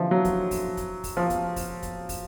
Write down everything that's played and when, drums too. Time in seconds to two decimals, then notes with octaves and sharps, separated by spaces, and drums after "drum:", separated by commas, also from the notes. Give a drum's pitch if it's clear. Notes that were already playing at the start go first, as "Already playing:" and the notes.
Already playing: D3 E3 F3
0.11 F#3
0.25 drum: kick, hi-hat
0.51 drum: kick, open hi-hat
0.77 drum: kick, hi-hat
1.04 drum: kick, open hi-hat
1.17 F3
1.30 drum: kick, hi-hat
1.56 drum: kick, open hi-hat
1.83 drum: kick, hi-hat
2.09 drum: kick, open hi-hat